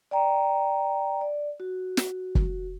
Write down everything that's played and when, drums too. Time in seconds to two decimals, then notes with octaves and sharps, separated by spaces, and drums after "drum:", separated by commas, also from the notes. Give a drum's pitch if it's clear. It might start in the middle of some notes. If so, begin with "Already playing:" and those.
0.11 D5 G5 A#5
1.21 D5
1.60 F#4
1.97 drum: snare
2.35 drum: kick